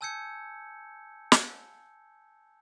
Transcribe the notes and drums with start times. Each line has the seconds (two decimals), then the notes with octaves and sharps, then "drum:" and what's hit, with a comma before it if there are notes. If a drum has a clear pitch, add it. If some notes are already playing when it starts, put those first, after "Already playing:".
0.01 G#5 A5 E6 G6 G#6 C#7
1.32 drum: snare